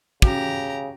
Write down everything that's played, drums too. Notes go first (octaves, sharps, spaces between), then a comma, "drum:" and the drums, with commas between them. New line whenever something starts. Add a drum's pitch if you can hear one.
C#3 C#4 F#4 G4 A#5, drum: kick